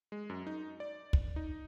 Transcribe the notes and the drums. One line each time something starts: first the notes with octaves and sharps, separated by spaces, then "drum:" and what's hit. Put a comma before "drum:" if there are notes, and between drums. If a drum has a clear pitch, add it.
G#3
F#2
D#4
D5
drum: kick
D#4